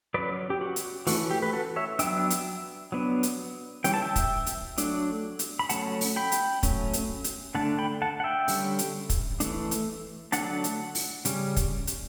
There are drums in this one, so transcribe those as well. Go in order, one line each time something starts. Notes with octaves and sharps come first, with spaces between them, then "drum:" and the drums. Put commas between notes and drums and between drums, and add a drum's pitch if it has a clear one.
F#3 C#4 B4 D5
G4
F#4
drum: hi-hat
E3 A3 C#4 F#4, drum: open hi-hat
G4
B4
F#4 A4
C#5 E5
F#3 B3 D4 E5 G5, drum: hi-hat
drum: hi-hat
F#3 B3 D4
drum: hi-hat
E3 G3 C#4 G5, drum: hi-hat
A5
E5 G5
drum: kick, hi-hat
drum: hi-hat
F#3 A3 D4, drum: hi-hat
drum: hi-hat
B5
F#3 A3 C#4 F#5 A5, drum: hi-hat
drum: open hi-hat
G5 B5
drum: hi-hat
F#3 A3 C#4, drum: kick, hi-hat
drum: hi-hat
drum: hi-hat
D3 A3 D4 F#5 A5
G5 B5
F#5 A5
F#5
E5 G5
D3 G3 C#4, drum: open hi-hat
drum: hi-hat
drum: kick, hi-hat
E3 A3 D4, drum: hi-hat
drum: hi-hat
D3 F#3 A3 D4 F#5 A5, drum: hi-hat
drum: hi-hat
drum: open hi-hat
C#3 G3 C#4, drum: hi-hat
drum: kick, hi-hat
drum: hi-hat